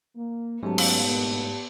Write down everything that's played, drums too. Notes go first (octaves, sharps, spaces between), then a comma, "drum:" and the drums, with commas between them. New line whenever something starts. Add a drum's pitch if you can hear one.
A#3
G#2 F#3 A3 B3 C#4 G4 A5
drum: cymbal
G1 B2 A#3